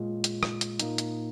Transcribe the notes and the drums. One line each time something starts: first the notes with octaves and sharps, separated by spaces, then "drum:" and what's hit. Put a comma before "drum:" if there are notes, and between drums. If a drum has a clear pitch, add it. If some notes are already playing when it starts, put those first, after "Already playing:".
Already playing: A#2 G#3 F4
drum: hi-hat
drum: rim click
drum: hi-hat
A#2 A#3 D#4, drum: hi-hat
drum: hi-hat